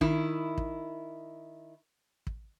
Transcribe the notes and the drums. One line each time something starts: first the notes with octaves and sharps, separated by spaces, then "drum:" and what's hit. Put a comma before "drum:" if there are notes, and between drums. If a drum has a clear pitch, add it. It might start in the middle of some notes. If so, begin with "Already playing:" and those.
D#3 E4, drum: kick
drum: kick
drum: kick